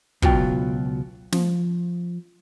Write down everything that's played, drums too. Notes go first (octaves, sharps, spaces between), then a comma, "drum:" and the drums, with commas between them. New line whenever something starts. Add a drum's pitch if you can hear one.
C#2 B2 F#3 F4 G5, drum: kick
F3, drum: snare